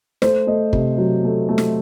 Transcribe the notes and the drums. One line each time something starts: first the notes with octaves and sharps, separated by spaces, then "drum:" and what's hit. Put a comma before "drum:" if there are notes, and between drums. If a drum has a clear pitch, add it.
A3 C5, drum: snare
A3 D#5
C3, drum: kick
F#3
A3
A3
drum: snare